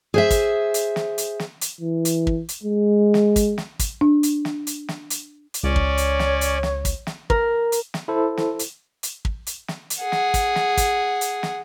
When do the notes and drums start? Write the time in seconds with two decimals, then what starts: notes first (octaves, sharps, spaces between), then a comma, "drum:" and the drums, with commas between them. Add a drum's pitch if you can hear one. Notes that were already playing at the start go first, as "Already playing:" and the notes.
0.14 G#4 C5 E5
0.30 drum: kick, hi-hat
0.74 drum: hi-hat
0.96 drum: snare
1.18 drum: hi-hat
1.40 drum: snare
1.61 drum: hi-hat
1.81 E3
2.05 drum: hi-hat
2.27 drum: kick
2.49 drum: hi-hat
2.63 G#3
3.14 drum: snare
3.36 drum: kick, hi-hat
3.58 drum: snare
3.79 drum: kick, hi-hat
4.01 D4
4.23 drum: hi-hat
4.45 drum: snare
4.67 drum: hi-hat
4.88 drum: snare
5.10 drum: hi-hat
5.54 drum: hi-hat
5.63 C#2 C#4 C#5 D5
5.76 drum: kick
5.98 drum: hi-hat
6.19 drum: snare
6.41 drum: hi-hat
6.63 drum: snare
6.85 drum: kick, hi-hat
7.07 drum: snare
7.30 A#4, drum: kick
7.72 drum: hi-hat
7.94 drum: snare
8.08 E4 A4 C5
8.37 drum: snare
8.59 drum: hi-hat
9.03 drum: hi-hat
9.25 drum: kick
9.47 drum: hi-hat
9.68 drum: snare
9.90 drum: hi-hat
10.01 G#4 F#5
10.12 drum: snare
10.34 drum: kick, hi-hat
10.56 drum: snare
10.77 drum: kick, hi-hat
11.21 drum: hi-hat
11.43 drum: snare